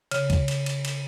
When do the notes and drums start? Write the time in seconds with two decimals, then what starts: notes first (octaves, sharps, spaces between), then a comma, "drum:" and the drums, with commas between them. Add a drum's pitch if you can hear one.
0.11 C#3, drum: cymbal
0.30 drum: kick, cymbal
0.48 drum: cymbal
0.66 drum: cymbal
0.85 drum: cymbal